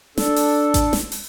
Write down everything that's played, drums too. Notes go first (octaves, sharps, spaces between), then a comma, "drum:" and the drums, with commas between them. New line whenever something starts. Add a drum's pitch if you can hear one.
D4 A4, drum: snare
drum: open hi-hat
drum: kick A1, hi-hat
drum: snare
drum: open hi-hat